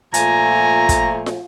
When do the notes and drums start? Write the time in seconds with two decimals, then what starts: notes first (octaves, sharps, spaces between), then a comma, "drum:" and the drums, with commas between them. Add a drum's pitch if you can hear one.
0.14 A#2 F3 A3 G#5 A#5, drum: hi-hat
0.89 drum: kick, hi-hat
1.26 drum: snare